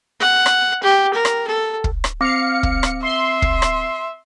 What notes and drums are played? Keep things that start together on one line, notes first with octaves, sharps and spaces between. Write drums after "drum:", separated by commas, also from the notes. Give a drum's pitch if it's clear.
F#5
drum: rim click
G4
A#4
drum: rim click
A4
drum: kick
drum: rim click
C4 F5 D6 A#6 C#7
drum: kick
drum: rim click
E5 C6
drum: kick
drum: rim click